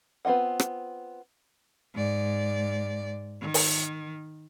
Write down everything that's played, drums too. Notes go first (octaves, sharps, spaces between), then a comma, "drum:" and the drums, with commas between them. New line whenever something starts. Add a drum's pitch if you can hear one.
B3 C4 F4 D#5 F#5
drum: rim click
G#2 D5
D#3
drum: open hi-hat